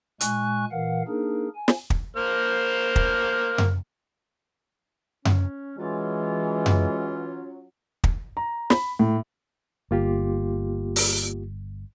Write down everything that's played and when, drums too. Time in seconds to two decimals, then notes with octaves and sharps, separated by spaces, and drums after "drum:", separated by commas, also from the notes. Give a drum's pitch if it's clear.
0.21 A#2 G#3 G#5 C#6 F#6, drum: hi-hat
0.71 A#2 E3 A#4 F5 F#5
1.08 A#3 D4 D#4 G#4 A#4
1.55 G#5
1.68 drum: snare
1.90 drum: kick
2.16 A#3 C5 F6
2.96 drum: kick
3.58 drum: tom F#2
5.25 C#4, drum: tom F#2
5.79 E3 F#3 G#3 C#4 F4
6.66 drum: tom F#2
8.04 drum: kick
8.37 A#5
8.70 B5, drum: snare
8.99 A2
9.91 G1 A#3 F4 G4
10.96 drum: open hi-hat